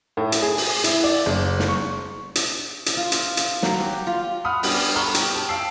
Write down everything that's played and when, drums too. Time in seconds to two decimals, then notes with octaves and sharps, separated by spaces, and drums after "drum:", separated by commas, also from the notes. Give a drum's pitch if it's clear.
0.17 A2
0.32 drum: hi-hat
0.42 G#4
0.58 drum: open hi-hat
0.84 E4, drum: hi-hat
1.04 D5
1.26 F#1
1.59 drum: snare
1.68 C#6
2.35 drum: hi-hat
2.86 drum: hi-hat
2.97 F4
3.12 drum: hi-hat
3.37 drum: hi-hat
3.63 F#3, drum: snare
3.80 G4
4.07 F4
4.45 F#5 B5 D#6 F6
4.63 G3 B3 C#4 D4 G4, drum: open hi-hat
4.95 A4 F#5 A#5 B5 C#6 F6
5.15 G4, drum: hi-hat
5.35 A5
5.49 F5 G5 A5 E6 C7